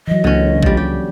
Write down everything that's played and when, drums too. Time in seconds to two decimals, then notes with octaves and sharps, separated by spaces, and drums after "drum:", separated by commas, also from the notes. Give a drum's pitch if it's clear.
0.08 E3 F#3 D#5
0.24 C#2 D3 A#3 C#4
0.63 F3 G3, drum: kick A#1
0.77 G4